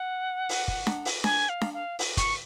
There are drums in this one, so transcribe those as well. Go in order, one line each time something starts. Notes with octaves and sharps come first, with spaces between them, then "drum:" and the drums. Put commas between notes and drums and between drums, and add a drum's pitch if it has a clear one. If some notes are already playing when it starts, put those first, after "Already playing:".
Already playing: F#5
drum: open hi-hat
drum: kick
drum: snare D4
drum: open hi-hat
G#5, drum: snare D4
F5
drum: snare D4
F5
drum: open hi-hat
C#6, drum: kick, hi-hat